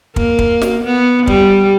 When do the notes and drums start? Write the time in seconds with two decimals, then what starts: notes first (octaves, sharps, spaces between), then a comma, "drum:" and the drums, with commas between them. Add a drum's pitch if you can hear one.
0.16 A#3, drum: kick
0.39 drum: kick
0.61 drum: snare
0.84 B3
1.27 G3, drum: kick